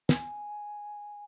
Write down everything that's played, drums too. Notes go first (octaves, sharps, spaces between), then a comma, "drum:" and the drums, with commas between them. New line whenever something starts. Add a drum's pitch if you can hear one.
G#5, drum: snare